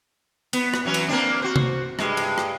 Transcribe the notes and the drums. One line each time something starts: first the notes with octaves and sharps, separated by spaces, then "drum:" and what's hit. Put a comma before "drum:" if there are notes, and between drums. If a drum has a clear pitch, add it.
B3, drum: cymbal
drum: rim click
E3 F#3 C#4
drum: cymbal
A#3 C4 D4
F#4 C5
drum: tom C3
G2 G#3, drum: rim click
drum: cymbal
drum: rim click